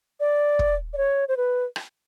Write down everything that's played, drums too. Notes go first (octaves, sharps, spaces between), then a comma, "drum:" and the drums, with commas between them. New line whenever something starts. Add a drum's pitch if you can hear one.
D5
drum: kick
D5
C#5
C5
B4
drum: rim click